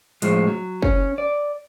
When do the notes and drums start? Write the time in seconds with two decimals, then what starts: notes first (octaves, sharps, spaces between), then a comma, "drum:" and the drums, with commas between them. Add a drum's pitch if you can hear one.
0.22 A2 F3 G#3, drum: hi-hat
0.48 F#3
0.82 C#4, drum: kick
1.18 D5